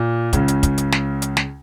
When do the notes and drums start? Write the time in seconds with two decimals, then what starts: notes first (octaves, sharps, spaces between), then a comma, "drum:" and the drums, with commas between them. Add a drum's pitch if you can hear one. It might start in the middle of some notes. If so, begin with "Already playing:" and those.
Already playing: A#2
0.33 C#2 C#3, drum: kick, hi-hat
0.48 drum: hi-hat
0.63 drum: kick, hi-hat
0.78 drum: hi-hat
0.92 drum: snare
1.22 drum: hi-hat
1.37 drum: snare